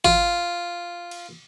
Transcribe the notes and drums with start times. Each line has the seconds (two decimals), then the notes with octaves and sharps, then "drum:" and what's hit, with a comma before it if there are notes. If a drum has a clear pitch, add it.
0.05 F4, drum: kick G#1
1.11 drum: cymbal